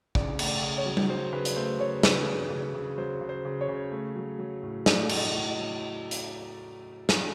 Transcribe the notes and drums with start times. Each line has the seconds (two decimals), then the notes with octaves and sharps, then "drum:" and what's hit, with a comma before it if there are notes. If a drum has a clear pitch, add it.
0.15 C#3 D5, drum: kick
0.39 A3, drum: cymbal
0.46 D5
0.62 C#3
0.78 C#5
0.86 F#3
0.97 drum: tom G3
1.10 F#3 C5
1.33 C#3 B4
1.45 drum: hi-hat
1.56 A3 C5
1.80 C#3 C#5
2.03 C#3 B4, drum: snare
2.27 C#3
2.50 C#3
2.75 C#3
2.98 F#3 C5
3.21 C#3
3.29 C5
3.45 C#3
3.61 C#5
3.68 C#3
3.92 A3
4.16 F#3
4.39 F#3
4.63 A2
4.86 A3 D5, drum: snare
5.09 A2, drum: cymbal
5.17 D#5
5.34 A2
5.49 D#5
5.57 F#3
6.11 drum: hi-hat
7.09 drum: snare